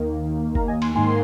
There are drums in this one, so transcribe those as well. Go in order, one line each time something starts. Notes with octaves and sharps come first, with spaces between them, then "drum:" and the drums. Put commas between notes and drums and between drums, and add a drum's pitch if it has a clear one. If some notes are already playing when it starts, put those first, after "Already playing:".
Already playing: D#2 D#3 A#3
F5 A#5, drum: kick F#1
D#5 G#5
G#5 C6, drum: cymbal
G#2 D#3 A#3 G#5 C6